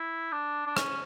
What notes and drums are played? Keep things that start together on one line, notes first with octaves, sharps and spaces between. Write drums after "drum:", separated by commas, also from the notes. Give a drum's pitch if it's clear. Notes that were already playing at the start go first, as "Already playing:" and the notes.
Already playing: E4
D4
D4
C#4, drum: rim click